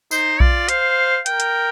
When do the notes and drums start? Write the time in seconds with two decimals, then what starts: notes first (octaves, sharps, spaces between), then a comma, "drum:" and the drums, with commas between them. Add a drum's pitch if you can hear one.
0.11 D#4 C5, drum: tambourine
0.40 F4 D5, drum: kick A#1
0.69 C5 F5, drum: hi-hat
1.26 A#4 G5, drum: hi-hat
1.40 drum: hi-hat